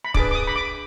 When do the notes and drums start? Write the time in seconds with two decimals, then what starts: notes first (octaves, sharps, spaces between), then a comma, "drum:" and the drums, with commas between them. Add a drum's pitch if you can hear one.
0.05 B5
0.14 D4 G#4 B4 D6, drum: kick
0.31 D6
0.35 D#6
0.47 B5
0.56 D6